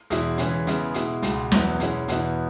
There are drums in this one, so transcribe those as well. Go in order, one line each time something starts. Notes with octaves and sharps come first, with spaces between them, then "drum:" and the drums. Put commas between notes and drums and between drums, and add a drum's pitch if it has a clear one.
E2 B2 G#3 E4, drum: hi-hat
C#3 E3 G#3 C#4, drum: hi-hat
C#3 G#3 B3 E4, drum: hi-hat
B2 G#3 E4, drum: hi-hat
C#2 B2 G#3, drum: hi-hat
E2 B2 F#3 B3 E4, drum: snare
B2 G#3 C#4 E4, drum: hi-hat
E2 B2 B3 E4, drum: hi-hat